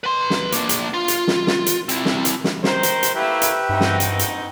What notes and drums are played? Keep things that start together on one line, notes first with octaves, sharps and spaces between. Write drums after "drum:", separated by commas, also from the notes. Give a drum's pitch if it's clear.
B4 C6
drum: snare
A#3 D4, drum: hi-hat
drum: hi-hat
F4
drum: hi-hat
drum: snare
drum: snare
drum: hi-hat
C4 E4, drum: hi-hat
drum: snare
drum: hi-hat
drum: snare
D#3 A#4 C5, drum: snare
drum: hi-hat
drum: hi-hat
A3 A#3 E4 G4 B4 E5
drum: hi-hat
G2 B2 C4 D#4
drum: snare
drum: hi-hat
drum: hi-hat